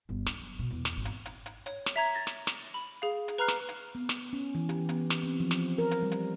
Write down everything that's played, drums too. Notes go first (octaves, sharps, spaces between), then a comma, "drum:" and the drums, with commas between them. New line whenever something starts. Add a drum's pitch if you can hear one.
G1
D4, drum: snare
F#3
B2
E2
drum: snare
G#1
drum: hi-hat
drum: hi-hat
drum: hi-hat
C#5, drum: hi-hat
drum: snare
E5 A#5 G#6
A6 A#6
drum: snare
drum: snare
B5
G#4 F5
drum: hi-hat
B4 A#5 B5 F6 F#6 C7
drum: snare
drum: hi-hat
B3
drum: snare
C#4
E3
G4, drum: hi-hat
B3, drum: hi-hat
drum: snare
C4
F3
drum: snare
A#4
drum: hi-hat
G3
drum: hi-hat